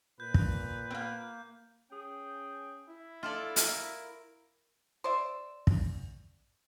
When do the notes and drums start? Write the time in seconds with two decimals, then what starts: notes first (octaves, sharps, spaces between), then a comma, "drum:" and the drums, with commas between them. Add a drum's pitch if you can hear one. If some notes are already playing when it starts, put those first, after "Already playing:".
0.20 A#2 B4 G6
0.34 drum: kick
0.91 A#3 C4 G6
1.90 C#4 G#4 G5
2.87 E4
3.23 F4 A4 D5
3.56 A#4, drum: hi-hat
5.04 C5 D5 E5
5.67 drum: kick